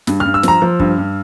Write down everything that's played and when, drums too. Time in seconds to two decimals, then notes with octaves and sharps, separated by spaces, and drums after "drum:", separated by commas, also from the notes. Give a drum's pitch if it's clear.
0.07 G2, drum: snare
0.20 F6
0.25 G2
0.34 E6
0.43 F3 A#5, drum: snare
0.62 F3
0.80 G2, drum: kick
0.98 G2